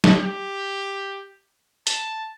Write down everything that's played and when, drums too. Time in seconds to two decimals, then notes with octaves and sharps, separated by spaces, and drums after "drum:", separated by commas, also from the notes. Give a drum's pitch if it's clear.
0.04 drum: snare
0.16 G4
1.87 A5, drum: hi-hat